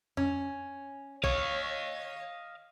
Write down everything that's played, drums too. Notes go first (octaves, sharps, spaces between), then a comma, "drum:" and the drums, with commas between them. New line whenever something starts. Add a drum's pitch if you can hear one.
C#4, drum: tom F2
C#5 D#5 F5, drum: kick A#1